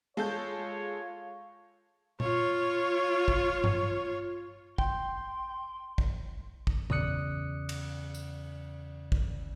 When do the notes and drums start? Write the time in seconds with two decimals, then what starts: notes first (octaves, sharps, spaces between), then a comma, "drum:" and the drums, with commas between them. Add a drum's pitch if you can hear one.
0.17 G#3 F4 A4 C#5 G6
2.20 F4 C#5, drum: tom A#2
3.28 drum: kick
3.64 drum: tom G2
4.78 G5 C6, drum: kick
5.98 drum: kick
6.67 drum: kick
6.90 E2 C#3 D5 D#6 F#6 C#7, drum: tom A#2
7.69 drum: cymbal
8.14 drum: tambourine
9.12 drum: kick